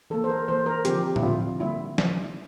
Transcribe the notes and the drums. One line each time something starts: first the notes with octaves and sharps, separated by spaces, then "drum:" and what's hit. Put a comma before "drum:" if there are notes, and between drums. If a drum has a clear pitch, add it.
E3 A#3 A4
C5
A#4
E3 A#3 C5
A#4
D3 F3 C4 G4, drum: hi-hat
E4, drum: tom A2
D3 F3 C4 F4
D3 G3 A#3 E4
drum: snare